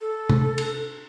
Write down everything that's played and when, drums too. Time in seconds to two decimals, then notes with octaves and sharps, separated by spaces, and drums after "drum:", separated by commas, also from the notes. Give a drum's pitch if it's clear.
0.01 A4
0.30 drum: tom C3
0.58 drum: cymbal